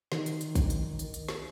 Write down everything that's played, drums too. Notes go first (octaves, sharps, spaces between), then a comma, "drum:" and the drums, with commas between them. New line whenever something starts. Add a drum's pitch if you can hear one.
D#3, drum: snare
drum: hi-hat
drum: hi-hat
drum: kick, hi-hat
drum: hi-hat
drum: hi-hat
drum: hi-hat
drum: snare